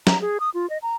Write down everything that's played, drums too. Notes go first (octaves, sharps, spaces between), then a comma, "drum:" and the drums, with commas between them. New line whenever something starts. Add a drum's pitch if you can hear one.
A#5, drum: snare
G#4
D#6
F4
D#5
A#5